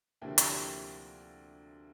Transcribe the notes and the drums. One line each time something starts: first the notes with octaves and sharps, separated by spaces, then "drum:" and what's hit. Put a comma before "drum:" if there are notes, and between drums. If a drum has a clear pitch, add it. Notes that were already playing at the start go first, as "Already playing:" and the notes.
D2 C3 F3 A#3 E4 G4
drum: hi-hat